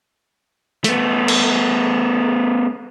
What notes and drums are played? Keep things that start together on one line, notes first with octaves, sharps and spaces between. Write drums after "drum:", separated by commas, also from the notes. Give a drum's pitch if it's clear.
A3 B3, drum: hi-hat
drum: cymbal